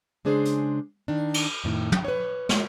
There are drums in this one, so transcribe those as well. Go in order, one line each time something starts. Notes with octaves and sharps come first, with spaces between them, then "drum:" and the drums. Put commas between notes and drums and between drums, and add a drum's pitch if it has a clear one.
C#3 G#3 D4 G#4 C5
drum: hi-hat
D#3 D4
drum: cymbal
F2 A2 D#3
drum: tom
B4 C#5
G#3 C#5, drum: snare